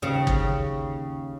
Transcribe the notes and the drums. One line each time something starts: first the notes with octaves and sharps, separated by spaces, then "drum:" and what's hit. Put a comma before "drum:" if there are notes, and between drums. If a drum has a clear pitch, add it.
D#2 C#3
drum: kick